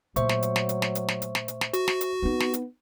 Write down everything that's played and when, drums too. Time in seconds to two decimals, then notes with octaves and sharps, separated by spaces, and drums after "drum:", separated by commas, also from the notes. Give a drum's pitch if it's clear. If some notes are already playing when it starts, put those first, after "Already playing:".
0.16 A#2 F#3 A3 C5 E5 C#6, drum: hi-hat
0.29 drum: snare
0.42 drum: hi-hat
0.56 drum: snare
0.69 drum: hi-hat
0.82 drum: snare
0.95 drum: hi-hat
1.08 drum: snare
1.22 drum: hi-hat
1.35 drum: snare
1.48 drum: hi-hat
1.61 drum: snare
1.74 F#4, drum: hi-hat
1.88 drum: snare
2.01 drum: hi-hat
2.23 B3 C4 D#4
2.40 drum: snare
2.54 drum: hi-hat